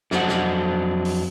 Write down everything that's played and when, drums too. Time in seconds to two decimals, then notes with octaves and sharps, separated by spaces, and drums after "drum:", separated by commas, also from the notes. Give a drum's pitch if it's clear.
0.11 F2 F#3 D4 C5 D#5 F#5, drum: snare
0.28 drum: snare
1.05 drum: open hi-hat